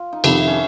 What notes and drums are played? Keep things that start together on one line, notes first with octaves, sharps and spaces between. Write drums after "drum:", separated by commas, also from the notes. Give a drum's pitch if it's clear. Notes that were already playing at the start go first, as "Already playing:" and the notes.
Already playing: F4
D#4
F2 C3 D#3 E4, drum: cymbal
C#4